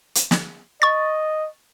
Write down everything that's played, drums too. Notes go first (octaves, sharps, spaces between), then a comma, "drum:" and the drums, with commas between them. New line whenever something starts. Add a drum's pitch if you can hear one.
drum: hi-hat
drum: snare
D#5 C#6 A6